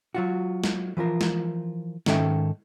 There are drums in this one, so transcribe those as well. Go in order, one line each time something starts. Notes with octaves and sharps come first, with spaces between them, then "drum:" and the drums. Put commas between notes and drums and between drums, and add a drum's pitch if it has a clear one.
F#3 F4 F#4
drum: snare
E3 F3 F4 A#4
drum: snare
G#2 D#3 C#4 A4 E5 G5, drum: snare